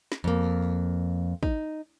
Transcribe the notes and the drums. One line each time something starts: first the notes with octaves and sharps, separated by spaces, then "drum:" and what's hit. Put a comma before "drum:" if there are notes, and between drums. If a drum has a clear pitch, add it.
drum: snare
F2 A#3
D#4, drum: kick